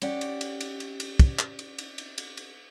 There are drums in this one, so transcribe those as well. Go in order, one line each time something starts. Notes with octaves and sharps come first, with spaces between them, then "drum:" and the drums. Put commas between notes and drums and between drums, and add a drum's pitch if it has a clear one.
C#4 G4 D5 F#5, drum: cymbal
drum: cymbal
drum: cymbal
drum: cymbal
drum: cymbal
drum: cymbal
drum: kick, cymbal
drum: clap
drum: cymbal
drum: cymbal
drum: cymbal
drum: cymbal
drum: cymbal